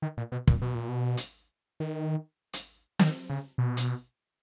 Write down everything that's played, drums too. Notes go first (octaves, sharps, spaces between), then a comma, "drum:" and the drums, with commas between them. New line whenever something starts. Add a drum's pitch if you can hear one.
D#3
A#2
B2
A#2, drum: kick
B2
A#2
B2
drum: hi-hat
D#3
drum: hi-hat
D#3, drum: snare
C#3
B2
drum: hi-hat